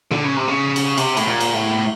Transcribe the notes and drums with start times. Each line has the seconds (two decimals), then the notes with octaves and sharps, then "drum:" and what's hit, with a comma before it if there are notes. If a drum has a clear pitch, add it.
0.11 D3, drum: tom A#2
0.24 C#3
0.36 C3
0.48 C#3
0.76 drum: cymbal
0.98 C3, drum: cymbal
1.17 A2, drum: cymbal
1.26 A#2
1.40 drum: cymbal
1.54 A2